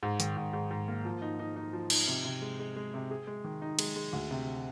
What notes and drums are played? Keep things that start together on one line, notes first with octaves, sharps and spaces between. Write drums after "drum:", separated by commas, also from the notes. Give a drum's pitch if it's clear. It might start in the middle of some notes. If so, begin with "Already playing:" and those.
G#2
D#3, drum: hi-hat
G#2
G#2
G#2
A#3
F3
D#4
D#4
D#4
F3
D#4, drum: cymbal
C3
C3
G#3
G#3
G#3
C3
G#4
G#3
D#3
D#4
G#3, drum: cymbal
G#3
D2
C3